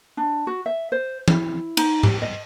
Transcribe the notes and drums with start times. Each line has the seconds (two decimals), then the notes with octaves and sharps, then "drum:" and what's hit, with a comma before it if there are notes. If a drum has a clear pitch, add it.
0.17 D4
0.47 F#4
0.66 E5
0.92 C5
1.28 E4, drum: tom
1.77 D#4, drum: cymbal
2.03 G4, drum: tom G#2
2.22 D#5